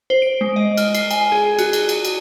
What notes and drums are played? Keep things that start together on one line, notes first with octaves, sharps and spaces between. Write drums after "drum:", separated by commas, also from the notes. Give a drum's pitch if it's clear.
C5
D7
G#3
D#5
F6, drum: cymbal
C7, drum: cymbal
G#5, drum: cymbal
G#4
F#4, drum: cymbal
drum: cymbal
drum: cymbal
drum: cymbal